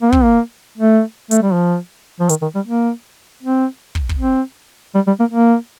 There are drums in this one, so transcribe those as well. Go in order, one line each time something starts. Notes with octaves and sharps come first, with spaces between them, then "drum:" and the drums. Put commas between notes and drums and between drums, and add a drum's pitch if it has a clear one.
A#3
C4, drum: kick
A#3
A3
A3, drum: hi-hat
G3
F3
F3
D#3, drum: hi-hat
D#3
G3
A#3
C4
drum: kick
drum: kick
C4
G3
G3
A#3
A#3